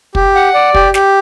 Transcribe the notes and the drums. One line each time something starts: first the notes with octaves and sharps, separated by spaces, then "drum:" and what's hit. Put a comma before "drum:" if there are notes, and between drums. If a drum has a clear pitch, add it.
G4, drum: kick
F#5
D5
G4, drum: kick
G4, drum: snare